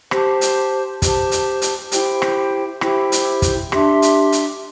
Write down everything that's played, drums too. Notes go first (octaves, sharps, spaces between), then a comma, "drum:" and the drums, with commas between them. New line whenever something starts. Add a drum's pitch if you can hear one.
G4 C5 A5, drum: rim click
drum: hi-hat
G4 C5 A5, drum: kick, hi-hat
drum: hi-hat
drum: hi-hat
E4 G4 C5 G5, drum: hi-hat
drum: rim click
E4 G4 C5 G5, drum: rim click
drum: hi-hat
drum: kick, hi-hat
D4 G4 E5 C6, drum: rim click
drum: hi-hat
drum: hi-hat